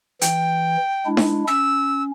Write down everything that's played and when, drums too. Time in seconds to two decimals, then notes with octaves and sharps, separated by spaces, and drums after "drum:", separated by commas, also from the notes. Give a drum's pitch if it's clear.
0.21 E3 G5, drum: hi-hat
1.06 G#3 D4 E4
1.17 drum: snare D#4
1.48 C#4 E6